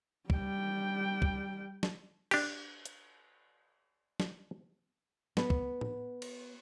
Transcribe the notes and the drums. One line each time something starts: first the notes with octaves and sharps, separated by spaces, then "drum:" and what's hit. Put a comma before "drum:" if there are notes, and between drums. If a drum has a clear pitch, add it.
G3 G5, drum: kick
drum: kick
drum: snare
D4 G4, drum: cymbal
drum: hi-hat
drum: snare
B3, drum: snare
drum: kick
drum: tom A2
drum: cymbal